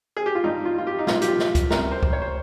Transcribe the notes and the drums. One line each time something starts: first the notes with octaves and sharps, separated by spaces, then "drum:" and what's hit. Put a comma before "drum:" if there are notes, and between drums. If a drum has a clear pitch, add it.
G#4
G4
F4
G2 G3 D#4
F4
F4
G4
D#4
A#1 A#2 G3 F4, drum: snare
G4, drum: hi-hat
F4
drum: snare
drum: kick C#2, hi-hat
C#2 C3 G3 A#4, drum: snare
C5
drum: kick C#2
C#5
C5